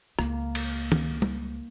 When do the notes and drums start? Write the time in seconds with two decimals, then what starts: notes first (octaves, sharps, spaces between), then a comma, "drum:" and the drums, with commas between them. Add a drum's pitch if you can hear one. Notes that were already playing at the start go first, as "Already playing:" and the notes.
0.19 C#2 A#3, drum: rim click
0.55 drum: cymbal
0.92 drum: tom D#3
1.22 drum: tom